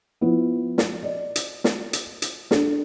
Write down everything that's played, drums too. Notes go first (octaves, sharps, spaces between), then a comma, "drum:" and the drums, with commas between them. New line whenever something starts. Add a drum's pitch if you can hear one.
F3 B3 E4
drum: snare
D5 D#5
drum: hi-hat
drum: snare
drum: hi-hat
drum: hi-hat
D4 A4, drum: snare